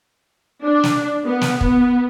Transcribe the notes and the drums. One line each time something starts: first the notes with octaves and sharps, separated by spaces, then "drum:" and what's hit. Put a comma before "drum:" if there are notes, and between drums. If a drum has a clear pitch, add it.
D4
drum: snare
B3
drum: snare
B3, drum: kick